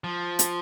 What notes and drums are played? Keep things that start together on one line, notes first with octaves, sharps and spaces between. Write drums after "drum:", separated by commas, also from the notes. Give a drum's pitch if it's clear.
F3
drum: hi-hat